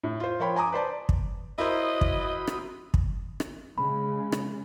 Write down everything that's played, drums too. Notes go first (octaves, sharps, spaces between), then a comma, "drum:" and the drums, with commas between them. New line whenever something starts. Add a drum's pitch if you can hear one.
A2
F4 C5
F3 A#4 C5 C#5 G5 B5
G#5 A#5 D6 D#6
B4 C5 D5 A5
drum: kick
E4 F#4 A#4 C5 D#5 B5 D#6
drum: kick
drum: rim click
drum: kick
drum: rim click
C#3 G#3 B5
drum: rim click